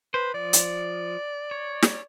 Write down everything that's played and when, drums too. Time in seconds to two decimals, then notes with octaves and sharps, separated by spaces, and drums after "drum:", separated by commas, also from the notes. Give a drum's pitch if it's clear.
0.14 B4 C5
0.34 F3 D5
0.53 drum: hi-hat
1.51 C#5
1.82 drum: snare